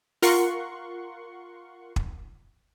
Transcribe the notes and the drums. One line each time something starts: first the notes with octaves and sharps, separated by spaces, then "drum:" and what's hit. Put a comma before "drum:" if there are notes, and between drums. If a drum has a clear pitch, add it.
F4 A#4 F#5 C6 C#6, drum: open hi-hat
drum: kick